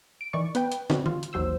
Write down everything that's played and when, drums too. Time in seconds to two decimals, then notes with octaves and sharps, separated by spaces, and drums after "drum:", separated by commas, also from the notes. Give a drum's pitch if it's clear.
0.21 D7
0.33 D#3 E3 D5 C#6
0.55 B3 B4 G5, drum: hi-hat
0.72 drum: hi-hat
0.90 D3 D#3 B3 C4 D4 F#4, drum: snare
1.06 F4, drum: tom D3
1.23 drum: hi-hat
1.33 A1 D#2 F#3 C5 E6